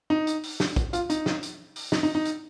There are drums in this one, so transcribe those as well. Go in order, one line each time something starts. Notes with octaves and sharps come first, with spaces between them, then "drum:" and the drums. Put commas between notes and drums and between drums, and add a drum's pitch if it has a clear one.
D#4
drum: hi-hat
drum: open hi-hat
drum: snare
drum: kick, hi-hat
F4, drum: hi-hat
D#4, drum: hi-hat
drum: snare
drum: hi-hat
drum: open hi-hat
D#4, drum: snare
D#4
D#4
drum: hi-hat